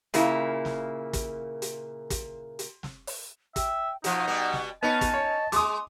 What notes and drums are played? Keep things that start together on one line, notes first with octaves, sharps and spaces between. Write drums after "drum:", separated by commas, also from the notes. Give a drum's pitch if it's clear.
A#2 C#3 A#3 E4, drum: hi-hat
drum: snare
drum: kick, hi-hat
drum: hi-hat
drum: kick, hi-hat
drum: hi-hat
drum: snare
drum: open hi-hat
E5 G5, drum: kick, hi-hat
B2 F3 D#4 F#5, drum: hi-hat
B2 G3 B3
drum: snare
B3 C#4 D#4 D#5 A5
drum: kick, hi-hat
C#5
G#3 C6 D6 D#6, drum: hi-hat